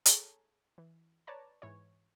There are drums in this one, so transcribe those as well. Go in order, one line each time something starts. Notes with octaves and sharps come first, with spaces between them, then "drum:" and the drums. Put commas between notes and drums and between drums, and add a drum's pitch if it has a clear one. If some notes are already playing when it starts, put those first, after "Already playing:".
G#4 A4 C#5 A5 A#5, drum: hi-hat
E3
B4 C#5 D5 A5 A#5
G#2 E3 C#5